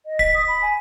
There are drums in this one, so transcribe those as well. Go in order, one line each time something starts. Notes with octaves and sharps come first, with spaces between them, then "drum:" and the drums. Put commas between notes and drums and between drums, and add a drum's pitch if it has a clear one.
D#5
B6, drum: kick
D#6
B5
G#5